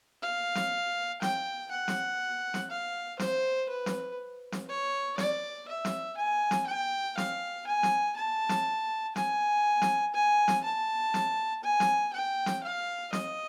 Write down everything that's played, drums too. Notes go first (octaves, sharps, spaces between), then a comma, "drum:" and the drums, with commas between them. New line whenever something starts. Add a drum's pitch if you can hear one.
F5
drum: snare
G5, drum: snare
F#5
drum: snare
drum: snare
F5
C5, drum: snare
B4
drum: snare
drum: snare
C#5
D5, drum: snare
E5
drum: snare
G#5
drum: snare
G5
F5, drum: snare
G#5
drum: snare
A5
drum: snare
G#5, drum: snare
drum: snare
G#5
drum: snare
A5
drum: snare
G#5
drum: snare
G5
drum: snare
F5
D#5, drum: snare